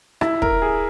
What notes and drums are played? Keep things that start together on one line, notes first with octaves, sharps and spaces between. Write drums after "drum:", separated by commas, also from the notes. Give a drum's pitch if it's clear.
E4, drum: rim click
A#4, drum: kick
G#4